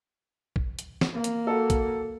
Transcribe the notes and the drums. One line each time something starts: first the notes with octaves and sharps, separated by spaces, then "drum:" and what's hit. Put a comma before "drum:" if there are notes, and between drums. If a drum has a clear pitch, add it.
drum: kick
drum: hi-hat
drum: snare
A#3
drum: hi-hat
F#4 A4
drum: kick, hi-hat